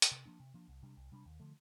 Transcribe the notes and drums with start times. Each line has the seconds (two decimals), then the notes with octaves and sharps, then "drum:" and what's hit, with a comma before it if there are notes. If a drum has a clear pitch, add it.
0.02 drum: hi-hat
0.11 C3
0.26 F3 A#3 D4
0.40 C3
0.54 F3 A#3 D4
0.68 C2
0.82 C3 G3 D4
0.97 C2
1.12 C3 G3 D4
1.25 D#2
1.40 D3 F3 A3